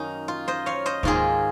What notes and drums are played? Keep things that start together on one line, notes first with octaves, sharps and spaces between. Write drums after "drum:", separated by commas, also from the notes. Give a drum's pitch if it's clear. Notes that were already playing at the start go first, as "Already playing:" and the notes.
Already playing: F#2 D#3 A#3 C#4 D#4
F4
C5 D#5
C#5 F5
C5 D#5
G#2 D#3 A#3 F4 G#4, drum: kick D2